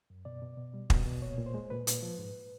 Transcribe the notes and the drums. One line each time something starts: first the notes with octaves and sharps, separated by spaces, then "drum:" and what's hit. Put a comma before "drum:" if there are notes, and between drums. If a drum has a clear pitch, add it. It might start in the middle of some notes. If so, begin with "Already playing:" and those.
F#2
B2 D5
B2
B2
G3
B2, drum: kick
B2
A#2 C#5
A#2
C5
G#3
A#2 B4
A#2, drum: hi-hat
F3
G#2